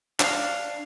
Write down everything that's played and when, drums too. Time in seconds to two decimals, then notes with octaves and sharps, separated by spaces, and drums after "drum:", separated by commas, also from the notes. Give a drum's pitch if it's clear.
0.20 D4 F5, drum: clap